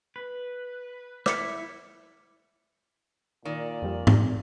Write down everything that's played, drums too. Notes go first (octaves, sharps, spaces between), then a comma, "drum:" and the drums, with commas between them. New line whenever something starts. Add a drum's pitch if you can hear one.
B4
E4 D6 C#7, drum: rim click
A#2 D#3 D5
F2 G3
drum: tom G#2